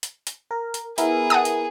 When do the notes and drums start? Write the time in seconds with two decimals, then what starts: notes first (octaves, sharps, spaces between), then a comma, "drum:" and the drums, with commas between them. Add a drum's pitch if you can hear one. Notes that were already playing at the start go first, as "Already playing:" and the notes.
0.03 drum: hi-hat
0.27 drum: hi-hat
0.51 A#4
0.74 drum: hi-hat
0.98 B3 E4 G#4 A#4, drum: hi-hat
1.30 F#5 A5 D#6
1.45 drum: hi-hat